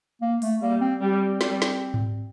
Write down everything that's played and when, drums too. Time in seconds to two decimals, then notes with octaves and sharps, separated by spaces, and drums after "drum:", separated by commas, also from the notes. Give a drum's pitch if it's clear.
0.22 A#3
0.42 A3, drum: open hi-hat
0.61 G3 A#3
0.81 C4
1.01 G3 C4
1.41 G3, drum: snare
1.62 drum: snare
1.94 drum: tom G#2